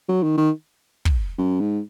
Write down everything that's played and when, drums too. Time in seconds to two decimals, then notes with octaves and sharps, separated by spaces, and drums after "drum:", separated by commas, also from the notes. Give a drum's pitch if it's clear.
0.09 F#3
0.23 D#3
0.37 D#3
1.05 drum: kick
1.38 F#2
1.60 G#2